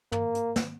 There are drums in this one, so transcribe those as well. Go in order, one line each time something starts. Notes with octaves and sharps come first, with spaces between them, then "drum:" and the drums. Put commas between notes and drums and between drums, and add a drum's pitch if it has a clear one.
A#3, drum: tom
drum: hi-hat
drum: snare